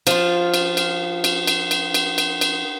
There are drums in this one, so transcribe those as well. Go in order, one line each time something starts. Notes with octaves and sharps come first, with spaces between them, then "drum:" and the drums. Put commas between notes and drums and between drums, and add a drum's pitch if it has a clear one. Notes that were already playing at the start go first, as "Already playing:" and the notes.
F3 F4, drum: cymbal
drum: cymbal
drum: cymbal
drum: cymbal
drum: cymbal
drum: cymbal
drum: cymbal
drum: cymbal
drum: cymbal